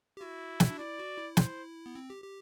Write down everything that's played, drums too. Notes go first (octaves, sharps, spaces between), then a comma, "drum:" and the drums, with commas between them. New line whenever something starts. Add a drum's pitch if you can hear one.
G4
E4 F#4
drum: snare
D4
E4 D5
F#4
E4
C5, drum: snare
B3
C4
G4
G4